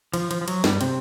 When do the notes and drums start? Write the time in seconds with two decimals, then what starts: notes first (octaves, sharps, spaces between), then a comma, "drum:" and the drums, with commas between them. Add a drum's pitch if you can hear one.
0.14 F3, drum: cymbal
0.31 F3, drum: cymbal
0.41 F3
0.48 F#3, drum: cymbal
0.64 G2 G3, drum: snare
0.81 C3 C4, drum: cymbal